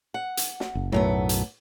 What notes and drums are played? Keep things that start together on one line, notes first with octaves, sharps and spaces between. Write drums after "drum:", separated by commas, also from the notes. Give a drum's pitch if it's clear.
F#5
drum: hi-hat
drum: snare
F#1
B1 F#2 A2 F#3 A3 B3
drum: hi-hat